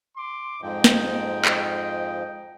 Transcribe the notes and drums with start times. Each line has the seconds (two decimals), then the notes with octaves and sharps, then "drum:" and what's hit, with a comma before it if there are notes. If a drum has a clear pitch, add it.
0.17 C6 D6
0.62 F2 G#2 F3 D#5 G5
0.84 drum: snare
1.45 drum: clap